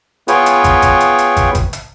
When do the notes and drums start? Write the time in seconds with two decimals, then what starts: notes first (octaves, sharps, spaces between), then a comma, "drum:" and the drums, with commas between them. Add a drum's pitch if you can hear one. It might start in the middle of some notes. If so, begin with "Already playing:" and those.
0.28 B3 F4 G#4 B4 C#5 G5, drum: hi-hat
0.46 drum: hi-hat
0.64 drum: kick, hi-hat
0.82 drum: kick, hi-hat
1.00 drum: hi-hat
1.19 drum: hi-hat
1.37 drum: kick, hi-hat
1.55 drum: kick, hi-hat
1.73 drum: hi-hat